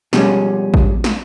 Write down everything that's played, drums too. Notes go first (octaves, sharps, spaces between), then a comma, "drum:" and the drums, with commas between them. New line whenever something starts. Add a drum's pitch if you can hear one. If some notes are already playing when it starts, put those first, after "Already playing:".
B2 F3 G3 G#3 C#4, drum: snare
drum: kick A1
drum: snare